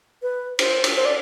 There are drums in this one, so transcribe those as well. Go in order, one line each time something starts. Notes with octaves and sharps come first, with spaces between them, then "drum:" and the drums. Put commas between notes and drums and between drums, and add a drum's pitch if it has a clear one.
B4
C5, drum: cymbal
drum: cymbal
C5
D5